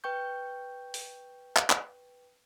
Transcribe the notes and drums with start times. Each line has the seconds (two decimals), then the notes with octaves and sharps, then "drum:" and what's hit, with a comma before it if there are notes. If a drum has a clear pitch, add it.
0.04 B4 G5 C#6 G6
0.94 drum: open hi-hat
1.56 drum: clap
1.70 drum: clap